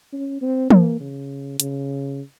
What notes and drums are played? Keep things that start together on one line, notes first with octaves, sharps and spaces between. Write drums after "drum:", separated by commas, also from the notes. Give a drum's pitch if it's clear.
C#4
C4
A#3, drum: tom E3
C#3
C#3, drum: hi-hat